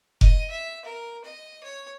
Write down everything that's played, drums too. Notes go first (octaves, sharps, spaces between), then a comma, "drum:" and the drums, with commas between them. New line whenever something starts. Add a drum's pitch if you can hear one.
D#5, drum: kick F1
E5
A#4
D#5
C#5